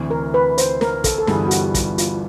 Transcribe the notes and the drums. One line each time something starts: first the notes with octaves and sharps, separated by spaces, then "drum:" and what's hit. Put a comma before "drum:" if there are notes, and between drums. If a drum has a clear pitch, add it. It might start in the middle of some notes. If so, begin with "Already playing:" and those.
Already playing: D2 C3 E3
A#4
B4
C5, drum: hi-hat
A#4, drum: snare
A4, drum: kick, hi-hat
A4
G1 G2 E3 G3 B3 G#4, drum: snare
F#4
G4, drum: hi-hat
drum: kick, hi-hat
F4, drum: hi-hat